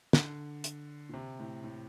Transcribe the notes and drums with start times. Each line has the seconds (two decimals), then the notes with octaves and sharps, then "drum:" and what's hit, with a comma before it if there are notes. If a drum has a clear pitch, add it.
0.13 D3, drum: snare
0.64 drum: hi-hat
1.09 A#2
1.14 C3
1.40 A2
1.64 A2